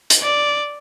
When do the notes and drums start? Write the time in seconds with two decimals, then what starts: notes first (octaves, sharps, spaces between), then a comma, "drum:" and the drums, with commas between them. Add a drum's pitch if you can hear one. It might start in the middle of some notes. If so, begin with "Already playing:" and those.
0.10 drum: hi-hat
0.22 D5